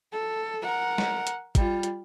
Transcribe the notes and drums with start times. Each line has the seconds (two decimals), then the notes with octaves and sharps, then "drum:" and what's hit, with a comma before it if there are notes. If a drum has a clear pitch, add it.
0.12 A4
0.62 A#4 F#5
0.98 drum: snare
1.27 drum: hi-hat
1.55 G3 F4, drum: kick, hi-hat
1.83 drum: hi-hat